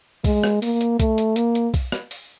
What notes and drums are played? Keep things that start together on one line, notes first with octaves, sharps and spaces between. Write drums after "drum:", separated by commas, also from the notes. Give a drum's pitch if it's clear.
G#3, drum: kick B1, open hi-hat
drum: rim click
A#3, drum: open hi-hat
drum: hi-hat
A3, drum: kick B1, hi-hat
drum: hi-hat
A#3, drum: hi-hat
drum: hi-hat
drum: kick B1, open hi-hat
drum: rim click
drum: open hi-hat